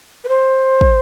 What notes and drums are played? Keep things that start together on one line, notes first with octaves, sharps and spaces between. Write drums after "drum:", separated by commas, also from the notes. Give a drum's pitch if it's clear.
B4
C5
drum: kick